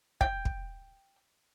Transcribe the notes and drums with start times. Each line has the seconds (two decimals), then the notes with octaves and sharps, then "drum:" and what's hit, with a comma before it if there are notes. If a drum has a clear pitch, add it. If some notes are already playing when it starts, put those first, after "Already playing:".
0.21 G5, drum: kick
0.45 drum: kick